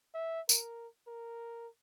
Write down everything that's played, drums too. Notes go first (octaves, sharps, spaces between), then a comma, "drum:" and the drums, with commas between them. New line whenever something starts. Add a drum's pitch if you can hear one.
E5
A#4, drum: tambourine
A#4